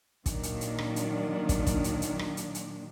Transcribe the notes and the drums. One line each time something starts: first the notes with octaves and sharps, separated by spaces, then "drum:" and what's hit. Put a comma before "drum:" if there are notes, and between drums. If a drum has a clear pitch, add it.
A#2 D#3 F#3 D4, drum: kick, hi-hat
drum: hi-hat
drum: hi-hat
drum: rim click
drum: hi-hat
drum: kick, hi-hat
drum: kick, hi-hat
drum: hi-hat
drum: hi-hat
drum: rim click
drum: hi-hat
drum: hi-hat